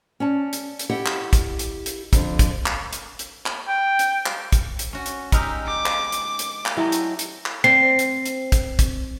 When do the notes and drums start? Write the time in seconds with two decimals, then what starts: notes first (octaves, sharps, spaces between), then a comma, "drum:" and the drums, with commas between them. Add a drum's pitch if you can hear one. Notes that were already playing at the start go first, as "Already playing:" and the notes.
0.20 C#4 D5 A5
0.53 drum: hi-hat
0.79 drum: hi-hat
0.90 E4 G4 A4 D#5 F#5
1.06 drum: clap
1.33 drum: kick, hi-hat
1.59 drum: hi-hat
1.86 drum: hi-hat
2.13 F2 D3, drum: kick, hi-hat
2.39 drum: kick, hi-hat
2.66 drum: clap
2.93 drum: hi-hat
3.19 drum: hi-hat
3.46 drum: clap
3.68 G5
3.99 drum: hi-hat
4.26 drum: clap
4.52 drum: kick, hi-hat
4.79 drum: hi-hat
4.93 C#4 F#4
5.06 drum: hi-hat
5.32 G#3 D#4 G4 B5 E6 F6, drum: kick, hi-hat
5.67 D6
5.86 drum: clap
6.12 drum: hi-hat
6.39 drum: hi-hat
6.66 drum: clap
6.77 F#3 G#3 A3 E4 G4
6.92 drum: hi-hat
7.19 drum: hi-hat
7.46 drum: clap
7.64 C4 C7
7.99 drum: hi-hat
8.26 drum: hi-hat
8.52 drum: kick, hi-hat
8.79 drum: kick, hi-hat